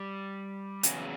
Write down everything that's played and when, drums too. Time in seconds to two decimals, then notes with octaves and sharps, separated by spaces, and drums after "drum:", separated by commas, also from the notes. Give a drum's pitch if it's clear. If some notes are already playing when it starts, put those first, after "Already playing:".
Already playing: G3
0.83 E2 C#3 F#3, drum: hi-hat